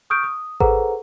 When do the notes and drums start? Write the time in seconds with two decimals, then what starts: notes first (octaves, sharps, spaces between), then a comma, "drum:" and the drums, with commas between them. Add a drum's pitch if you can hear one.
0.10 C#6 D#6 F6 G6 D7
0.23 D#6
0.60 G#4 A4 B4 C5 F#5 A#5, drum: kick G#1